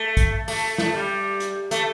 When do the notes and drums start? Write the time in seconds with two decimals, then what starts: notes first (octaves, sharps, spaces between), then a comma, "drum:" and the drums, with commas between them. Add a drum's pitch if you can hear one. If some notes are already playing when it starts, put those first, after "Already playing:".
Already playing: A3
0.17 drum: kick, hi-hat
0.48 A3, drum: open hi-hat
0.78 A3, drum: snare
0.94 G3
1.40 drum: hi-hat
1.71 A3, drum: hi-hat